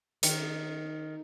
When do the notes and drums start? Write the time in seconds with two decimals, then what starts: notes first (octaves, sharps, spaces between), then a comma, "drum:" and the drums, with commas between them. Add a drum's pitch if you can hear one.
0.23 D#3, drum: hi-hat